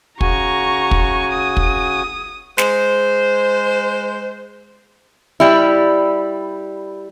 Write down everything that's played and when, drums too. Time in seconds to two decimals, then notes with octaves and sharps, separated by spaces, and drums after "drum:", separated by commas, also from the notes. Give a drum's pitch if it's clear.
0.21 C#3 F#4 G#5 A#5 C#6, drum: kick
0.91 drum: kick
1.32 D#6
1.57 drum: kick
2.58 G#3 C5, drum: snare
5.40 G3 E4